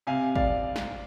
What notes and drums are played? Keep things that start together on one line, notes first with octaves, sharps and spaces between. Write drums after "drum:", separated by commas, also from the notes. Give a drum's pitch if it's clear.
C3 F5 G#5
D5 F5, drum: kick
drum: snare